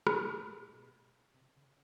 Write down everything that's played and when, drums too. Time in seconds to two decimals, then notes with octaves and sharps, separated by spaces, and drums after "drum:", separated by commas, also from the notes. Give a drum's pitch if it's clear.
0.07 A2, drum: rim click
0.48 A2
0.70 B2
1.34 C3
1.57 C#3